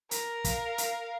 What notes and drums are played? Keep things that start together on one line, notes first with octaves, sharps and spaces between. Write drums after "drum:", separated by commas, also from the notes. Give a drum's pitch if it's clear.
A#4, drum: hi-hat
F5, drum: kick, hi-hat
drum: hi-hat